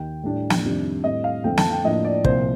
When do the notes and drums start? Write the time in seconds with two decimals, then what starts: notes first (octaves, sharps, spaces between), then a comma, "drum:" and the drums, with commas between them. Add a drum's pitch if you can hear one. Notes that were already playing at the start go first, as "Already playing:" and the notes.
Already playing: D#2 D#3 G5
0.23 A2 G3 D4
0.50 drum: snare
0.64 F2 C3 D#3 G3 D4
1.04 A2 G3 C4 D#5
1.24 F5
1.44 F2 D3 A3 C4 G5
1.57 A5, drum: snare
1.71 G5
1.84 A2 F3 A#3 D4 D#5
2.05 D5
2.24 C2 A#2 F3 C4 C5, drum: kick